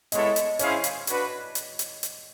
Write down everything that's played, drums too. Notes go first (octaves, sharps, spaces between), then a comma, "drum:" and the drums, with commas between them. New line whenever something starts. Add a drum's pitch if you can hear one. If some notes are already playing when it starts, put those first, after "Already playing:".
G#3 B3 E4 A4 C#5 D#5, drum: hi-hat
drum: hi-hat
C#4 E4 G#4 C5 C#5 F5, drum: hi-hat
drum: hi-hat
D4 F#4 B4, drum: hi-hat
drum: hi-hat
drum: hi-hat
drum: hi-hat